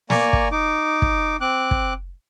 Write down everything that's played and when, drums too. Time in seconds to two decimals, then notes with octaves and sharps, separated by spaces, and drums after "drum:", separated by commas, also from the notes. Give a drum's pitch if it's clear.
0.10 A#3 D5 G#5 A#5 C#6, drum: snare
0.33 drum: kick
0.52 D#4 D6
1.02 drum: kick
1.41 C4 D6 F#6
1.71 drum: kick